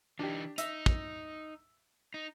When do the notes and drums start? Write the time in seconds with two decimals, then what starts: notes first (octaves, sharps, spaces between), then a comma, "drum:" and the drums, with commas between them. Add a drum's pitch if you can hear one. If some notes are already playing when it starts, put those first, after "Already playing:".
0.19 E3 D4 D#4 G4
0.58 D#4 E5, drum: hi-hat
0.86 drum: kick
2.14 D#4